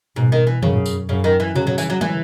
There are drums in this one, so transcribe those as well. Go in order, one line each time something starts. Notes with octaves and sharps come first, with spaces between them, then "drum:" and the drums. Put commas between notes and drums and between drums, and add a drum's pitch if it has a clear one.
G#2 B2
D#3
E3
F#2 C#3, drum: tom
drum: tambourine
F#2 C#3
D#3
E3
C#3 F#3
F#3
E3, drum: tambourine
F#3
E3, drum: tom